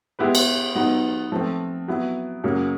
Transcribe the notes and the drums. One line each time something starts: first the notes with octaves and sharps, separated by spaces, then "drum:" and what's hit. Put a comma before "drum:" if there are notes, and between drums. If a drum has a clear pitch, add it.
G#3 B3 E4 G4 B4
drum: cymbal
F#3 B3 D#4
F3 A3 C4
F#3 B3 E4
F#2 C#3 F#3 A#3 C#4